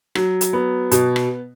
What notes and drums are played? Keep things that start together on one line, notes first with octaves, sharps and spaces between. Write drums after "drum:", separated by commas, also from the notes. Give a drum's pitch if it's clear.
F#3, drum: rim click
drum: hi-hat
B3
B2, drum: hi-hat
drum: rim click